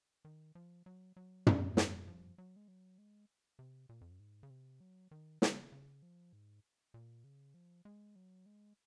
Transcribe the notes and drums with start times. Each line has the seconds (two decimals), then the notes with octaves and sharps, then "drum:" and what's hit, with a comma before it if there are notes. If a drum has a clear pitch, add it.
0.25 D#3
0.55 F3
0.86 F#3
1.17 F#3
1.47 drum: tom
1.77 drum: snare
2.08 F3
2.38 F#3
2.56 G#3
2.68 F#3
2.98 G#3
3.59 C3
3.89 A#2
4.01 F2
4.11 F#2
4.20 G#2
4.43 C#3
4.50 C3
4.81 F#3
5.11 D#3
5.42 C#3, drum: snare
5.72 C#3
6.02 F3
6.33 G#2
6.94 A#2
7.24 C#3
7.54 F3
7.85 G#3
8.16 F#3
8.46 G#3